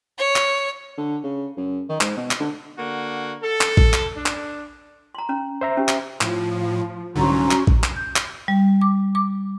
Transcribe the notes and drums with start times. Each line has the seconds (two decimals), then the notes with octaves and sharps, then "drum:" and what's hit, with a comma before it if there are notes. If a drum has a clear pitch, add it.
0.18 C#5
0.36 drum: clap
0.98 D3
1.24 C#3
1.57 F#2
1.89 D#3
2.01 G#2, drum: clap
2.17 B2
2.31 drum: clap
2.40 D3
2.78 D3 A#3 F#4
3.43 A4
3.61 drum: clap
3.77 drum: kick A1
3.94 drum: clap
4.16 D4
4.26 drum: clap
5.15 A#5 C6
5.29 C#4 A#5
5.61 C5 E5 A#5
5.77 C#4 G4
5.89 drum: clap
6.21 A2 F3, drum: clap
7.16 C2 G#2 D3 F#3 C#4 A#5 C6
7.51 drum: clap
7.67 drum: kick A1
7.84 drum: clap
7.96 G6
8.16 drum: clap
8.48 G3
8.81 D6
9.15 D6